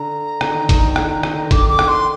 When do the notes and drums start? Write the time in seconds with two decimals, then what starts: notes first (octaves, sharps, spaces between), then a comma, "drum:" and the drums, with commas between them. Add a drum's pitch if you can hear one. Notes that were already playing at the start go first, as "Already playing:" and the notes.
Already playing: D3 A#5
0.41 D3, drum: rim click
0.51 D#3
0.59 D3
0.69 D#3, drum: kick, hi-hat
0.78 D3
0.87 D#3
0.96 D3, drum: rim click
1.05 D#3
1.15 D3
1.23 D#3, drum: rim click
1.33 D3
1.43 D#3
1.51 D3 D6, drum: kick, hi-hat
1.60 D#3
1.70 D3 D6
1.79 drum: rim click
1.88 C6